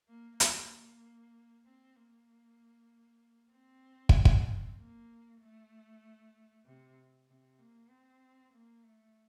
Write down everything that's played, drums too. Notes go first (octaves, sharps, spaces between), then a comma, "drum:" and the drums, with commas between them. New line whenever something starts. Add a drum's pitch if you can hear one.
A#3
A#3, drum: hi-hat
C4
A#3
C4
drum: kick
drum: kick
A#3
A3
C3
C3
A#3
C4
A#3
A3